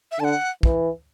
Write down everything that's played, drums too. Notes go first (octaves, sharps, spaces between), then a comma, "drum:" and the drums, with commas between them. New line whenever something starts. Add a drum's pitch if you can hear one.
E5
D3 F#5 A5
E3, drum: kick